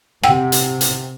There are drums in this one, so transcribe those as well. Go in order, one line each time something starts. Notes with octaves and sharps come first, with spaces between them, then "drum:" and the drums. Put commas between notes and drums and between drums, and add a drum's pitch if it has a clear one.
C3 F#5 G5 E6, drum: rim click
drum: hi-hat
drum: hi-hat